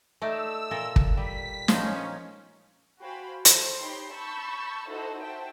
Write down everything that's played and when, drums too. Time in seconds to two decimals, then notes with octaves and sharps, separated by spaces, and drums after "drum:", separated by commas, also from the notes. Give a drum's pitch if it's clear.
0.22 A3 D#4 D5 E6
0.71 A#2 A4 A#4
0.96 drum: kick
1.17 G3 B6
1.68 F3 C#4 D#4, drum: snare
3.01 F#4 C5 F5 G5 G#5 B5
3.45 A4 C5, drum: hi-hat
3.81 D#4 G4 C#5 G5 B5 C6
4.13 A5 B5 C#6 E6 G6 A6
4.88 D#4 E4 F#4 A4 C5
5.20 F#4 C5 E5 G5 A5